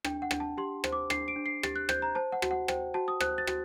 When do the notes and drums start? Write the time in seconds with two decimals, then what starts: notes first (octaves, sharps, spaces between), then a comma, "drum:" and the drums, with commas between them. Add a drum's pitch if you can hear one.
0.05 D4 G5, drum: rim click
0.22 F#5
0.31 D4, drum: rim click
0.40 A5
0.58 G4 C6
0.84 C5, drum: rim click
0.92 D6
1.10 D4 C7, drum: rim click
1.28 D7
1.36 D4
1.46 C7
1.63 G4 A6, drum: rim click
1.76 F#6
1.89 C5 G6, drum: rim click
2.02 A#5
2.15 C5 A5
2.32 F#5
2.42 F#4, drum: rim click
2.51 F#5
2.68 C5 G5, drum: rim click
2.94 F#4 A5
3.08 D#6
3.20 C5 F#6, drum: rim click
3.38 A6
3.47 F#4, drum: rim click